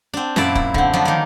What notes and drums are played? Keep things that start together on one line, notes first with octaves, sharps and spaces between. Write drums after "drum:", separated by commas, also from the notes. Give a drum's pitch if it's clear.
C4 D4
F#2 A#2 E4 D5 A5, drum: snare
E4, drum: kick
D3 C4, drum: kick
F3 F#3 B3 D4
D#3 A#3